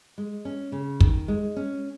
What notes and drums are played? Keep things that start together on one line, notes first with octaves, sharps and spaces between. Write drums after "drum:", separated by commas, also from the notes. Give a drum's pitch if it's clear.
G#3
C#4
C#3
D#3, drum: kick
G#3
C#4